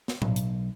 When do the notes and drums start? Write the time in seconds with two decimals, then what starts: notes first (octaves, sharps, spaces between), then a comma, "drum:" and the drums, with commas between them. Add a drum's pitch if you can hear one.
0.08 drum: snare
0.22 B1, drum: tom A2
0.36 drum: hi-hat